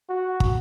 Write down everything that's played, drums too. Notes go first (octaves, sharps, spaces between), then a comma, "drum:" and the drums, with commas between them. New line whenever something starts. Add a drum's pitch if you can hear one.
F#4
drum: kick